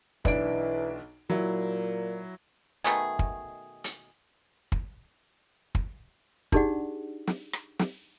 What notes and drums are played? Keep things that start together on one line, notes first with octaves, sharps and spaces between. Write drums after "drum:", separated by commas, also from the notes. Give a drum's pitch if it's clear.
B1 E3 D4 D7, drum: kick
A#2 F#3 E4
B2 D#3 A3 G#4, drum: hi-hat
drum: kick
drum: hi-hat
drum: kick
drum: kick
D4 D#4 G4 G#4 D5 F#5, drum: kick
drum: snare
drum: rim click
drum: snare